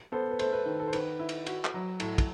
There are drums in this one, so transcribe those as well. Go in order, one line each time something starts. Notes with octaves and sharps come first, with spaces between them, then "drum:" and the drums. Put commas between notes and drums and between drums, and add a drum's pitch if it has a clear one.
B3 A4 C5
B4
A3 A4 C5, drum: cymbal
B4
D#3
A4
C5
D#3 B4, drum: cymbal
E4
drum: cymbal
F#4, drum: cymbal
drum: clap
F#3
A2 A4, drum: cymbal
drum: kick, cymbal